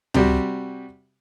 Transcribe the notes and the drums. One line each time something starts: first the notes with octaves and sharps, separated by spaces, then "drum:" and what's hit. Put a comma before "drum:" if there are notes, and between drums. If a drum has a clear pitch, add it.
C3 G3 F#4, drum: tom C#2